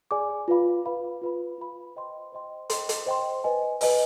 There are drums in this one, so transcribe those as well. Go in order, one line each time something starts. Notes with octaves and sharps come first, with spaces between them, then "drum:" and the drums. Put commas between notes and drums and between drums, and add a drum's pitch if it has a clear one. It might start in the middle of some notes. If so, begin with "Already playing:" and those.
G#4 D5 G#5 D6
F4 B4 F5 B5
F4 B4 F5 B5
F4 B4 F5 B5
F4 B4 F5 B5
C5 D#5 G5 C6
C5 D#5 G5 C6
C5 D#5 G5 C6, drum: hi-hat
drum: hi-hat
C5 D#5 G5 C6
B4 D#5 G#5
B4 D#5 G#5, drum: open hi-hat